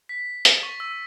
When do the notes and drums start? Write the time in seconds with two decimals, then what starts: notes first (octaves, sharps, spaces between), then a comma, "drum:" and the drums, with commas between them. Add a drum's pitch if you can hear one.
0.09 B6
0.45 A6, drum: hi-hat
0.63 C#6
0.80 E6